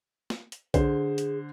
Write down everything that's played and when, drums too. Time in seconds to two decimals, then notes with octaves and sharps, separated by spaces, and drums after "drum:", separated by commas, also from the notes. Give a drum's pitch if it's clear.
0.30 drum: snare
0.52 drum: hi-hat
0.74 D3 G#4 C5, drum: kick B1, hi-hat
1.18 drum: hi-hat